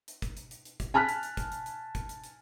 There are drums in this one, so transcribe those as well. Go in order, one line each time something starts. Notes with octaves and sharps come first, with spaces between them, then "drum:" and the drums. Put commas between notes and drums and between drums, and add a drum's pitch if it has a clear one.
drum: hi-hat
drum: kick, hi-hat
drum: hi-hat
drum: hi-hat
drum: hi-hat
drum: kick, hi-hat
G#5 A5 F6 F#6 B6
drum: hi-hat
drum: hi-hat
drum: kick, hi-hat
drum: hi-hat
drum: hi-hat
drum: kick, hi-hat
drum: hi-hat
drum: hi-hat